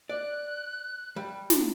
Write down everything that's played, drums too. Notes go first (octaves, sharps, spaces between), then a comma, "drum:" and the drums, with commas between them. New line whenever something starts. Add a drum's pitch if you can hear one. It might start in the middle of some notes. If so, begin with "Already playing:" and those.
D5 F#6
G3
drum: snare